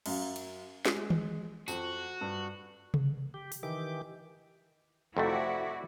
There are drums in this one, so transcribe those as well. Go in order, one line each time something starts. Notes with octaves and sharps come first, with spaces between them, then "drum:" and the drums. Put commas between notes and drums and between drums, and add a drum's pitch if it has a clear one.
F#2 F#3 F5, drum: cymbal
drum: cymbal
G#3, drum: snare
drum: tom D#3
F2 F#4, drum: tambourine
G2
drum: tom C3
G4
drum: open hi-hat
D#3 E3 G4 D6
F2 C3 A3 E4 F#4 D5